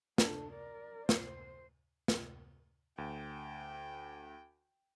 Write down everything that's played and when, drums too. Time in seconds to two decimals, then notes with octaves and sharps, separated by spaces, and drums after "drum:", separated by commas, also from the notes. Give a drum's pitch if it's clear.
0.18 D4 A4, drum: snare
0.51 A#4 D5
1.09 C5, drum: snare
2.08 drum: snare
2.98 D2 G5